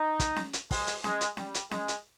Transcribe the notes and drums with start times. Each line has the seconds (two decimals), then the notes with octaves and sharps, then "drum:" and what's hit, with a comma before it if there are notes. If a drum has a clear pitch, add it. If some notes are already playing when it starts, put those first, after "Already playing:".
Already playing: D#4
0.20 drum: kick, hi-hat
0.36 drum: snare C#4
0.53 drum: hi-hat
0.71 G#3, drum: kick, open hi-hat
0.87 drum: hi-hat
1.04 G#3, drum: snare C#4
1.21 drum: hi-hat
1.37 G3, drum: snare C#4
1.54 drum: hi-hat
1.71 G#3, drum: snare C#4
1.88 drum: hi-hat